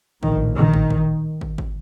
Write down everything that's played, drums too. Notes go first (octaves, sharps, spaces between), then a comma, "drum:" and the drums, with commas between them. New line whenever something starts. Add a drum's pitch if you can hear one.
A#1 A2 D#3, drum: kick
D#3
drum: kick
drum: kick
drum: kick
drum: kick